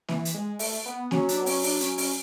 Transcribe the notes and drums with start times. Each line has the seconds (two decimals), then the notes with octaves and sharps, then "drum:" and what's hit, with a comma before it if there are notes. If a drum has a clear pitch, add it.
0.08 E3, drum: snare A#3
0.25 drum: hi-hat
0.34 G#3
0.59 A3, drum: open hi-hat
0.86 B3
1.11 F#3 C#4, drum: snare A#3
1.29 D4, drum: hi-hat
1.41 B3
1.46 C#4, drum: open hi-hat
1.63 D4, drum: open hi-hat
1.80 C#4, drum: hi-hat
1.98 C#4, drum: open hi-hat